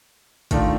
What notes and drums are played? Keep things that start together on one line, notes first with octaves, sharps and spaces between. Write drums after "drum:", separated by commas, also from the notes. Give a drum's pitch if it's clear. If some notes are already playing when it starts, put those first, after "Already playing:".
D#3 A3 D4 F4, drum: kick, hi-hat